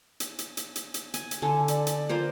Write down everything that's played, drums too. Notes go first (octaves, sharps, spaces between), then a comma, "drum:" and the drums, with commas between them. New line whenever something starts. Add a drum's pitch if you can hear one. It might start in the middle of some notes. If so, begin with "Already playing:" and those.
drum: hi-hat
drum: hi-hat
drum: hi-hat
drum: hi-hat
drum: hi-hat
G#5, drum: hi-hat
drum: hi-hat
D3 A4 G#5
D5, drum: hi-hat
drum: hi-hat
F4 A#4 C5